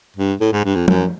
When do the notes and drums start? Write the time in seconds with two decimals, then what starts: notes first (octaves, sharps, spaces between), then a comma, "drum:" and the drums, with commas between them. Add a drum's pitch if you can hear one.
0.17 G2
0.41 A2
0.53 G#2
0.65 G2
0.75 F2
0.88 F#2, drum: tom F3